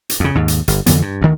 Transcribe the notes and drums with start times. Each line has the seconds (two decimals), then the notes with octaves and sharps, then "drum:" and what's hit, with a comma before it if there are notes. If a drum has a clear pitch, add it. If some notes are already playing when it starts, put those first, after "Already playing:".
0.10 drum: hi-hat
0.20 F2 C#3
0.35 D#2 G#2
0.48 drum: hi-hat
0.68 G1, drum: hi-hat
0.86 F2 D3 E3 B3, drum: hi-hat
1.02 G2
1.21 D2 D#3